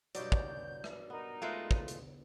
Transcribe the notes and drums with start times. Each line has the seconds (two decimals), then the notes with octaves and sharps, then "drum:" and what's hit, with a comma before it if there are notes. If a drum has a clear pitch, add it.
0.15 G2 B2 F#3 D5 G6, drum: hi-hat
0.32 drum: kick
0.84 drum: rim click
1.10 B3 D#4 A#4
1.42 G#3 A3 F4 B4
1.71 drum: kick
1.88 drum: hi-hat